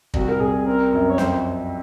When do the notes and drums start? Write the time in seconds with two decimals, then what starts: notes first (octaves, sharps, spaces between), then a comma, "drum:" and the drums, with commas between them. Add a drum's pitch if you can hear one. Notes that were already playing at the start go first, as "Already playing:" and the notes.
0.14 C2 F#4, drum: kick
0.29 A#4
0.40 C2 G#4
0.66 C4 A#4
0.92 F#2
1.10 C#5
1.18 F2 C5, drum: snare